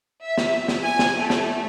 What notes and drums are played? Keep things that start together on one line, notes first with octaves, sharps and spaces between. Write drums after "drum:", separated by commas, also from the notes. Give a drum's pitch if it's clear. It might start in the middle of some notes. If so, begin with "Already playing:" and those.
E5
drum: snare
drum: snare
G#5
drum: snare
A3
drum: snare